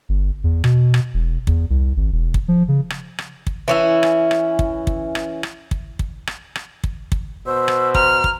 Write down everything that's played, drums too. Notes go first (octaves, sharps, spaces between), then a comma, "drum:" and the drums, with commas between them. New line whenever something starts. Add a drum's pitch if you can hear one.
G1
E2
B2, drum: rim click
drum: rim click
E1
E2, drum: kick
C2
G#1
E1
drum: kick
F3
C#3
drum: rim click
drum: rim click
drum: kick
E3 C#4 E4
drum: rim click
drum: rim click
drum: kick
drum: kick
drum: rim click
drum: rim click
drum: kick
drum: kick
drum: rim click
drum: rim click
drum: kick
drum: kick
B2 C5 E6
drum: rim click
A#5 F6, drum: kick
drum: kick